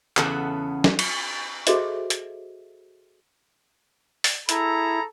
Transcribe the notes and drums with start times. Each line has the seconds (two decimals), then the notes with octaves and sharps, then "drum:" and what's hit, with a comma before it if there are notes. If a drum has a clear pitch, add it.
0.17 E2 C#3 B3 A4 E5 F#5, drum: clap
0.84 drum: snare
0.99 drum: cymbal
1.67 F#4 G#4 A4 C5 D#5 E5, drum: hi-hat
2.10 drum: hi-hat
4.24 drum: open hi-hat
4.49 E4 G#4 A4 A#5, drum: hi-hat